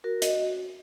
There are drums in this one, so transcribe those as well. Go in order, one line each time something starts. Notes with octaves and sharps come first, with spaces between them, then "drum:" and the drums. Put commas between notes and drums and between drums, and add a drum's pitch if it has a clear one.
F#4 A#4
F#4 D#5, drum: hi-hat